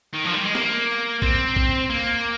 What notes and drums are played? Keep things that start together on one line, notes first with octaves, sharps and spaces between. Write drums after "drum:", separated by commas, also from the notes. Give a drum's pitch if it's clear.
D#3
F3
G3
G#3
A#3, drum: snare
C4, drum: kick
drum: kick
A#3